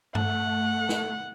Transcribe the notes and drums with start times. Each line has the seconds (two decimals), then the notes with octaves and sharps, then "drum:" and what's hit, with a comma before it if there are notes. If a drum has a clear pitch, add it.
0.15 A3 F#5, drum: tom G2
0.89 drum: snare